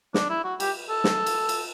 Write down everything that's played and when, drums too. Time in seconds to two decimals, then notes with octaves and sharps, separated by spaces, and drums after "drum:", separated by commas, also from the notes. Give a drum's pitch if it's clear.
0.14 D4, drum: snare
0.29 E4
0.44 F#4
0.60 G4, drum: cymbal
0.89 A4
1.04 drum: snare
1.26 drum: cymbal
1.49 drum: cymbal